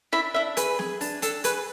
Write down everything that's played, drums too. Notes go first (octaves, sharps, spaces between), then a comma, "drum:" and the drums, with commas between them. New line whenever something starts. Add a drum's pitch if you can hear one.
D4 E4 E5
D4 E4 E5
G#4 B4, drum: hi-hat
G#4, drum: snare
D4, drum: open hi-hat
D4 A4, drum: hi-hat
G#4 B4, drum: hi-hat